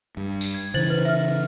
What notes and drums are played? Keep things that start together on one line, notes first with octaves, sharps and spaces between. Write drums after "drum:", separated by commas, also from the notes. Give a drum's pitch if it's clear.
G2
drum: tambourine
G#6
C#3 E3 C5 A6 F#7
B4
E5 F6